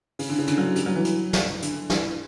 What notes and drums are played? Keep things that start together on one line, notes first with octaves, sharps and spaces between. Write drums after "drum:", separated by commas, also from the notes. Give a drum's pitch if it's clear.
C#3, drum: open hi-hat
D3
C#3
D3, drum: hi-hat
F#3
G3, drum: hi-hat
F#3
E3
drum: hi-hat
drum: snare
D3, drum: hi-hat
E3, drum: snare